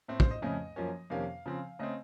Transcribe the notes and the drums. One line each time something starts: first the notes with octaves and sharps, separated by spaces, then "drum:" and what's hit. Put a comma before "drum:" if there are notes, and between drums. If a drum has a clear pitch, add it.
A2 A3 C4
C5, drum: kick
D#5
F2 C#3 A3 C#4 D#5
F#2 F3 A#3 C#4
F2 C3 D#3 A#3 C#4 F5
C#3 F3 C4
C#3 A3 C4 D#5